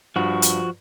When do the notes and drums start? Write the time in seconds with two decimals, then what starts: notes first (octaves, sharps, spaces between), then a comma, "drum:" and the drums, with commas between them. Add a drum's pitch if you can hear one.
0.16 G2 F3 F#4
0.42 drum: hi-hat